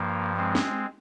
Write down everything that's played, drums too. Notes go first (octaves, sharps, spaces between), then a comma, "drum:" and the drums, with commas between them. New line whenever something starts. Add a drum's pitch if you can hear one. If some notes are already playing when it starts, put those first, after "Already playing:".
Already playing: G2 F3 A#3
G#3 C4
drum: snare